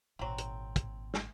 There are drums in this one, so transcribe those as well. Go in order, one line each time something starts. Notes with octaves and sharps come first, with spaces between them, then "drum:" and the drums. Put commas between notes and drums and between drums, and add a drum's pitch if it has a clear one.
G#1 A#2 F#3 C4
drum: hi-hat
drum: kick, hi-hat
drum: snare